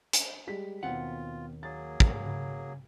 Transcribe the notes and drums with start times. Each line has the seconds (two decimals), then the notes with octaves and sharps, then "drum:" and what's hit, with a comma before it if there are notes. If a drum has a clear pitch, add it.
0.13 drum: hi-hat
0.47 G3 G#3 B6
0.83 D#2 B2 C4 F4 F#5
1.63 F#3 A#3 G#4 A6
2.00 drum: kick
2.27 C#3